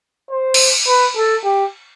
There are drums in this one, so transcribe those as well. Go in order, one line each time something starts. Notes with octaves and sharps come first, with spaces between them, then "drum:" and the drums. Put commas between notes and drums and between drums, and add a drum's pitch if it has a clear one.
C5
drum: cymbal
B4
A4
G4